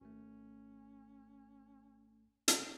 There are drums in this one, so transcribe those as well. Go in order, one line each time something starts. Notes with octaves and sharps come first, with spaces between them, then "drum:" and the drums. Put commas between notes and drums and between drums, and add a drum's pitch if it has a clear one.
G#1 A3 C#4
drum: hi-hat